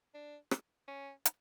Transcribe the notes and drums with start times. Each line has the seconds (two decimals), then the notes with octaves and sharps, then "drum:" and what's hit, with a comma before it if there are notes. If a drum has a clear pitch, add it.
0.14 D4
0.51 drum: rim click
0.88 C#4
1.25 drum: hi-hat